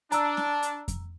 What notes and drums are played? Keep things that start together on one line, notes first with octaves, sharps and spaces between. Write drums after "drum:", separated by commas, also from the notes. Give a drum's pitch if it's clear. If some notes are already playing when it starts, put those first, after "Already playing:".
D4 A#5 E6, drum: hi-hat
drum: snare
drum: hi-hat
drum: kick F2, hi-hat